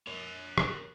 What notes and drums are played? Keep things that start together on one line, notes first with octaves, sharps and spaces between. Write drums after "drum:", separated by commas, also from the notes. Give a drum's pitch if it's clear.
A#4 C#5
drum: rim click